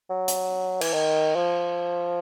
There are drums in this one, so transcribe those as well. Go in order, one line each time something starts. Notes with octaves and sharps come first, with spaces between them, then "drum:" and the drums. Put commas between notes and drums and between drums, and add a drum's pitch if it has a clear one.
F#3
drum: hi-hat
E3, drum: cymbal
D#3
F3